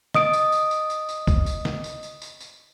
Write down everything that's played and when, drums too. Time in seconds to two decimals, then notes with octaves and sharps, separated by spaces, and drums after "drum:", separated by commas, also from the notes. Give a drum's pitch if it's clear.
0.14 D#5 D#6 D7, drum: snare
0.33 drum: tambourine
0.52 drum: tambourine
0.71 drum: tambourine
0.90 drum: tambourine
1.09 drum: tambourine
1.27 drum: kick, tambourine
1.46 drum: tambourine
1.65 drum: snare
1.84 drum: tambourine
2.03 drum: tambourine
2.22 drum: tambourine
2.40 drum: tambourine